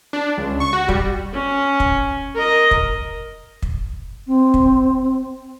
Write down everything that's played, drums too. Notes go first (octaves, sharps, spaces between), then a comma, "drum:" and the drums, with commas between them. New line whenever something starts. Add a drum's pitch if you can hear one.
D4
C#2
C#6
F#4
G3, drum: kick
C#4
drum: kick
A#4 D#5
drum: kick
drum: kick
C4
drum: kick